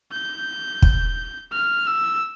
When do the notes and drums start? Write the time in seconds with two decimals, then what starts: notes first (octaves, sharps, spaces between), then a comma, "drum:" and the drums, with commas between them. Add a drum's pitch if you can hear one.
0.13 G6
0.82 drum: kick
1.53 F6
1.87 E6